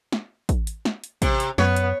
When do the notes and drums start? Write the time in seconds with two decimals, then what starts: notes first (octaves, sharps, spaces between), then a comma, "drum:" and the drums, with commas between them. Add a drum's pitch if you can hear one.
0.12 drum: snare
0.49 drum: kick, hi-hat
0.67 drum: hi-hat
0.85 drum: snare
1.04 drum: hi-hat
1.22 C3, drum: kick, hi-hat
1.40 drum: hi-hat
1.58 F#2 B3 C#5, drum: snare
1.76 drum: hi-hat